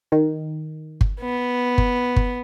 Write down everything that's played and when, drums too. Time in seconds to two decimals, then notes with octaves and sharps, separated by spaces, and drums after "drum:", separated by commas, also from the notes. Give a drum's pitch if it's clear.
0.12 D#3
1.01 drum: kick G1
1.20 B3
1.78 drum: kick G1
2.16 drum: kick G1